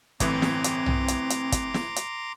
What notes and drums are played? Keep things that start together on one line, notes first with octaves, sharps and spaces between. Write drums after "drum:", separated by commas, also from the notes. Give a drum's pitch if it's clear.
G1 A2 E3 C4 A#5 C6 D6, drum: kick, hi-hat
drum: snare
drum: hi-hat
drum: tom
drum: hi-hat
drum: hi-hat
drum: kick, hi-hat
drum: snare
drum: hi-hat